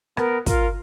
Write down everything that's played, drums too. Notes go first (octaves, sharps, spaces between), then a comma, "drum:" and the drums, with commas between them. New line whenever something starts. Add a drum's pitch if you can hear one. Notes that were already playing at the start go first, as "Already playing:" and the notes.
B3 A#4, drum: rim click
F4 A#4, drum: kick, hi-hat